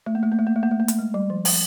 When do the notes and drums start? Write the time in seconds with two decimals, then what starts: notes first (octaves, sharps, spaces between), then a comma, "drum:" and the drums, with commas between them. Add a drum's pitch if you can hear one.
0.06 A3
0.15 A#3
0.23 A3
0.32 A#3
0.39 A3
0.47 A#3
0.56 A3
0.63 A#3
0.71 A3
0.80 A#3
0.88 A3, drum: hi-hat
0.99 G#3
1.14 G3
1.30 F3
1.45 F3, drum: open hi-hat